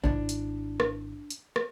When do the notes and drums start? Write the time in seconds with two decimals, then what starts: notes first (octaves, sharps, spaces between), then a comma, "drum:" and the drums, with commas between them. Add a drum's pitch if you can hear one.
0.04 G#1 D4 E4
0.29 drum: hi-hat
0.80 drum: rim click
1.30 drum: hi-hat
1.56 drum: rim click